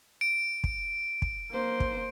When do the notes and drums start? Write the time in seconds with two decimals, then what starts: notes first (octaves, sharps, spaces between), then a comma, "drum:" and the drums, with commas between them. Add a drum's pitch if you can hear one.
0.21 D7
0.64 drum: kick
1.22 drum: kick
1.51 A#3 C5
1.80 drum: kick